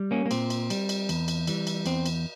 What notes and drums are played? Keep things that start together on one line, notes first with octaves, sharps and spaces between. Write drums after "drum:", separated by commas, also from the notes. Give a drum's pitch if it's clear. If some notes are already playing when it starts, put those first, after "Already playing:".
Already playing: G3
A#3 C#4
A#3
A#2 C4, drum: cymbal
drum: cymbal
G3, drum: cymbal
drum: cymbal
E2, drum: cymbal
drum: cymbal
E3 G3, drum: cymbal
drum: cymbal
E2 C4, drum: cymbal
drum: cymbal